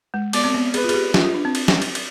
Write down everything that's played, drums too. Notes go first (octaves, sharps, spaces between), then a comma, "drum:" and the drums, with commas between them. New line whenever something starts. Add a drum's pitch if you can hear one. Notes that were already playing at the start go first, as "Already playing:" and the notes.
G#3
B3 D5, drum: cymbal
C4
B3
G#4 B4, drum: cymbal
F4
G#4, drum: cymbal
G4
F4, drum: snare
F4
D4
C4
drum: cymbal
drum: snare
drum: cymbal
drum: cymbal